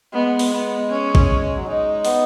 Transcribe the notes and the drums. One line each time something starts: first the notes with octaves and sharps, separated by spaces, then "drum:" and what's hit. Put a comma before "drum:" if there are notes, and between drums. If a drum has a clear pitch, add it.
G#3 B3
drum: open hi-hat
B3
C#4
drum: kick A1
F#3
G#3 D#4
B3, drum: open hi-hat